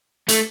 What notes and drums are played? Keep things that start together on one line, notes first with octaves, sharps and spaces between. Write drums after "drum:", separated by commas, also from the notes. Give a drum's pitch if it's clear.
A3, drum: hi-hat